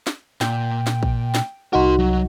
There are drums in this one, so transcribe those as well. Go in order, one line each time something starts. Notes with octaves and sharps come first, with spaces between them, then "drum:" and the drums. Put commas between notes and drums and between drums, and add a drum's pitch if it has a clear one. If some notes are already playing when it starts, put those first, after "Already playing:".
drum: snare
A#2 G5, drum: snare
drum: snare
drum: kick
drum: snare
C2 D#4 F#4 A#4 C6
F#3